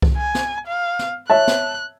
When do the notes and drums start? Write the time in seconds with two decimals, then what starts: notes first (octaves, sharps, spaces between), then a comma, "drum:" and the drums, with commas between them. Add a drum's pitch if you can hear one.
0.02 drum: kick C2
0.17 G#5
0.35 drum: snare
0.67 F5
0.99 drum: snare
1.30 C#5 E5 A5 F#6
1.47 drum: snare